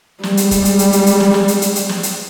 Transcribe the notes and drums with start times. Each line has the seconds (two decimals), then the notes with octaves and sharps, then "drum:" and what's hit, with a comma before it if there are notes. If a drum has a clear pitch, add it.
0.23 G3 G#3, drum: snare
0.37 drum: hi-hat
0.51 drum: kick, hi-hat
0.65 drum: hi-hat
0.79 drum: hi-hat
0.93 drum: hi-hat
1.06 drum: hi-hat
1.20 drum: snare
1.34 drum: snare
1.48 drum: hi-hat
1.62 drum: hi-hat
1.75 drum: hi-hat
1.89 drum: snare
2.03 drum: hi-hat